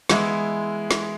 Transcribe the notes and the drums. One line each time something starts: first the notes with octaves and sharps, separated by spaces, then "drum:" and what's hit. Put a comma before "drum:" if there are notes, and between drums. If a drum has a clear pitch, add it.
E3 G#3 B3 E4, drum: snare
drum: snare